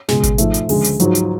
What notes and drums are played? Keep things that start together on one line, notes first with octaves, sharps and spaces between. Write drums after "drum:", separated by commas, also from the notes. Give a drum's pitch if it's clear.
C#2 B2 G#3, drum: snare
drum: kick G#1, hi-hat
G#2 F3 A3, drum: hi-hat
drum: hi-hat
D2 C#3 F3 G#3, drum: open hi-hat
drum: hi-hat
G#2 F3 F#3, drum: hi-hat
drum: hi-hat